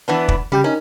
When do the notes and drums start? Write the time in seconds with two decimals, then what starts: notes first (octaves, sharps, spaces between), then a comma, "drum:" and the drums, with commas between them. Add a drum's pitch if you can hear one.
0.08 E3 B3 D4
0.28 drum: kick
0.52 C#3 G3 G4 G5
0.64 C#4 D#4 A#4